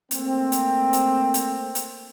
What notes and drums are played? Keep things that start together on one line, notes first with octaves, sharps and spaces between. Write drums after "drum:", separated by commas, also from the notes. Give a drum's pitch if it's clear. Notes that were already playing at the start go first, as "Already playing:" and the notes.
A3 A#3 C4, drum: hi-hat
drum: hi-hat
drum: hi-hat
drum: hi-hat
drum: hi-hat